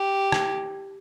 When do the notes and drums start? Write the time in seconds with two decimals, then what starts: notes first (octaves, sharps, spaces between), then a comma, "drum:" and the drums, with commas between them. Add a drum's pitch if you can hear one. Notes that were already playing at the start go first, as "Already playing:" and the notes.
Already playing: G4
0.32 drum: rim click